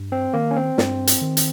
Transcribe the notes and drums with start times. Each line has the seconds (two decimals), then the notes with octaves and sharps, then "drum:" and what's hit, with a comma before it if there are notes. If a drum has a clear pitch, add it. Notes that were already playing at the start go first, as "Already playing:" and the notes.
Already playing: G2
0.12 C4
0.34 D#3 A#3
0.51 C#4
0.56 C4
0.78 G2, drum: snare
1.07 drum: hi-hat
1.22 D#3
1.37 drum: hi-hat